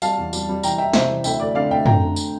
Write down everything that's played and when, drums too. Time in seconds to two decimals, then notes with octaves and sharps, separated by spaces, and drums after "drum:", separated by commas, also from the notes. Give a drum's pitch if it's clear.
0.02 G3 F5 A5, drum: tambourine
0.18 E2
0.33 G3, drum: tambourine
0.49 G3
0.63 E3 G5 A#5, drum: tambourine
0.78 E3 E5 G5
0.93 C3 C5 E5, drum: snare
1.09 E3
1.24 D2 E5 G5, drum: tambourine
1.40 D2 D5
1.55 D3 D5 F5
1.70 D2 E5 G5
1.86 D3 G5 A#5, drum: tom
2.01 D3
2.16 drum: tambourine